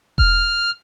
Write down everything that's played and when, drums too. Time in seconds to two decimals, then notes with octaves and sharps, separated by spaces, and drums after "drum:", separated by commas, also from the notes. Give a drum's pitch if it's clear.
0.18 F6, drum: kick E1